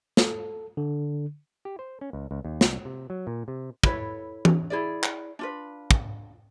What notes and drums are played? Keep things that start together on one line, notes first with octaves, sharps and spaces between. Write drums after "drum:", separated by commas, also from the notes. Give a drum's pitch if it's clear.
A4, drum: snare
D3
G4
C5
C#4
C#2
C#2
D#2
C2, drum: snare
C3
F#3
A#2
C3
E4 A4 B4 C#5, drum: kick
drum: tom E3
E4 G#4 D5
drum: clap
D4 F4 B4
drum: kick